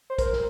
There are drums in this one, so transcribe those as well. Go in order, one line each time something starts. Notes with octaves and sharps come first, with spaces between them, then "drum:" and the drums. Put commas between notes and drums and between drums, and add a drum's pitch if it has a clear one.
C5
A#4, drum: kick, hi-hat
drum: snare